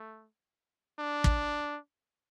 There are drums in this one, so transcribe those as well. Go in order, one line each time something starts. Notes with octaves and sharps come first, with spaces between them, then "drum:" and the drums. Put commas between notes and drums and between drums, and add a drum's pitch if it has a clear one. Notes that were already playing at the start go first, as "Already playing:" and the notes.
Already playing: A3
D4
drum: kick